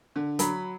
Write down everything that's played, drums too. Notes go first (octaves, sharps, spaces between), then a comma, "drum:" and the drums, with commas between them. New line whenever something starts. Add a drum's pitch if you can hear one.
D3
F#3 B5, drum: hi-hat